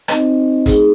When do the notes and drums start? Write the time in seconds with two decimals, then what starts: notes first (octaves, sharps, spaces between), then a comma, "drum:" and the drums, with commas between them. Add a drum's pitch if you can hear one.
0.08 C4 D#4 F#4 C5 D#5, drum: rim click
0.66 A3 D#4 G#4, drum: kick, hi-hat